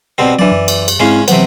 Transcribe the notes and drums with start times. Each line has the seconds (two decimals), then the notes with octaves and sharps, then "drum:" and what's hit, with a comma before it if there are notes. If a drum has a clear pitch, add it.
0.18 B2 G3 C4
0.39 E3 F#3 D4 D5
0.52 F#2
0.68 drum: cymbal
0.88 drum: cymbal
1.00 G#2 G#3 C4 C#4 E4 F5
1.28 C3 E3 F#3 B3 C5, drum: cymbal